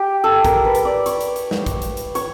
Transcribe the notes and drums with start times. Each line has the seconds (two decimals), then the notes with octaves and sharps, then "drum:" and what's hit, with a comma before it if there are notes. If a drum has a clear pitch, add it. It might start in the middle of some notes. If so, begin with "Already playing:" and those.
Already playing: G4
0.24 A4
0.45 A#4, drum: kick, hi-hat
0.65 B4
0.75 drum: hi-hat
0.85 D5
1.06 C#5, drum: hi-hat
1.21 drum: hi-hat
1.36 drum: hi-hat
1.51 drum: snare
1.66 drum: kick, hi-hat
1.82 drum: hi-hat
1.97 drum: hi-hat
2.15 C#5, drum: hi-hat